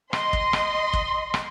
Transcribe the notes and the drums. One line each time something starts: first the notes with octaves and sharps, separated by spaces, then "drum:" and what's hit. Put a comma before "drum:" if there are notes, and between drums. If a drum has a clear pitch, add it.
D#5 C6, drum: rim click
drum: kick
drum: rim click
drum: kick
drum: rim click